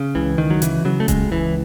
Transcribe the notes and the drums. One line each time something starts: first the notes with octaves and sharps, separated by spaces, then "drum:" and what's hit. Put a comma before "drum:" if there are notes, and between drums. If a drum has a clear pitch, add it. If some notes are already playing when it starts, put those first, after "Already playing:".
Already playing: C#3
C#2 E3
C#2 D#3
F#3
C#3 E3, drum: hi-hat
C#3 F#3
A3
C#2 G#3, drum: kick D#1, hi-hat
C#2 E3